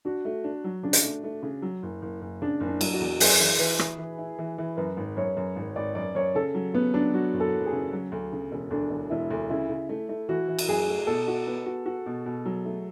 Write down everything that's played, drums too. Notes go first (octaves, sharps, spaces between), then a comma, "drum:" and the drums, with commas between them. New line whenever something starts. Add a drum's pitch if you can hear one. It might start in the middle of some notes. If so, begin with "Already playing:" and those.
D4 F#4
A3
D4
F#3
C#3 D4
drum: hi-hat
A3
A3
C#3
F#3
F#1
F#1
F#1
C#3 D4
F#1
D4
F#3, drum: cymbal
F#4
E2
F#2 G#4, drum: open hi-hat
E3
E3 B4
E3, drum: rim click
E3
E4
E3
E3
F#2 B4
G#1
F#2 C#5
F#2
G#1
G#1 D5
F#2 D5
F#2 C#5
C#3 A4
F#3
C#3 B3
F#3 D4
F#3 F#4
F#1
A4
F#1
G#4
C#3
F#3
D2
C#3
E1
D2 D4
E1
E1 E4
D2
C#3 E4
C#3
A3
A3
E3 F#4
E3
drum: cymbal
F#2 G#4
A3
B2 A4
F#4
B3
F#4
F#4
B2
B2
F#3
A3